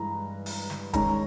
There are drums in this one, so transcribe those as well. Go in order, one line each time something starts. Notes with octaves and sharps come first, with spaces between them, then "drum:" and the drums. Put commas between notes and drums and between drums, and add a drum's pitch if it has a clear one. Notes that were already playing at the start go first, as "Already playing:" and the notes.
Already playing: G2 E3 G#3 A#5
drum: open hi-hat
drum: snare
D#3 G#3 C#4 A#5, drum: kick, hi-hat